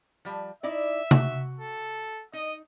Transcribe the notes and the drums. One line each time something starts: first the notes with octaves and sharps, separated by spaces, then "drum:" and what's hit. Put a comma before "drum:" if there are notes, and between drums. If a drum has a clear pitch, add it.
F3 G3
D#4 E4 D5 E5
F#4, drum: tom C3
A4
D#4 D#5